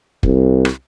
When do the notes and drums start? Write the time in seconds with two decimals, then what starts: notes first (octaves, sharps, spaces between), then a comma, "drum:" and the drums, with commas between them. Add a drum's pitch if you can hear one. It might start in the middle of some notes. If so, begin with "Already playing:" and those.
0.23 C2, drum: kick
0.65 drum: rim click